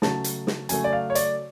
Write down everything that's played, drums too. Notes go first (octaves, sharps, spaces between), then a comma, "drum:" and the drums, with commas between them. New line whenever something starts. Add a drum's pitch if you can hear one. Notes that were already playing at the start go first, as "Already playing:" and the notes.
C#3 F#3 A3 A5, drum: snare
drum: hi-hat
drum: snare
C#3 F#3 A3 G#5, drum: hi-hat
D5
F5
C#5
D5, drum: hi-hat